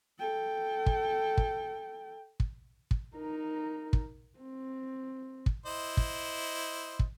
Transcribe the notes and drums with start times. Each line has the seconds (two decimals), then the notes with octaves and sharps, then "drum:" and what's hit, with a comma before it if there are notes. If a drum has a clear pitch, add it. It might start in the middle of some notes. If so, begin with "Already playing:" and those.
0.19 A4 G5
0.86 drum: kick
1.38 drum: kick
2.40 drum: kick
2.91 drum: kick
3.16 D#4 A#4
3.93 drum: kick
4.39 C4
5.46 drum: kick
5.66 E4 C5 D#5
5.97 drum: kick
6.99 drum: kick